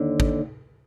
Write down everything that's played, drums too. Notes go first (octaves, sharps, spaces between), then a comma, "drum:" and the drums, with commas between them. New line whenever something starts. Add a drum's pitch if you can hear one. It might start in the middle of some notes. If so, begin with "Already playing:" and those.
Already playing: D#2 D3
drum: kick G#1